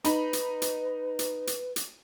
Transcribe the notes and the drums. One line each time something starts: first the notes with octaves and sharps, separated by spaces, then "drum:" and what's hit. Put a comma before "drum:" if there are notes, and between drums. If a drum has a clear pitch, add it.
D#4 B4 B5, drum: hi-hat
drum: hi-hat
drum: hi-hat
drum: hi-hat
drum: hi-hat
drum: hi-hat